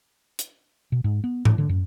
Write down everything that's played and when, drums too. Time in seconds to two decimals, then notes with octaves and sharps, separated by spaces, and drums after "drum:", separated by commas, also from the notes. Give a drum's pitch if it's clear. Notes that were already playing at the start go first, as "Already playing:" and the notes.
0.39 drum: hi-hat
0.92 B2
1.04 G#2
1.24 B3
1.45 A2, drum: tom G#2
1.58 D3
1.69 F#2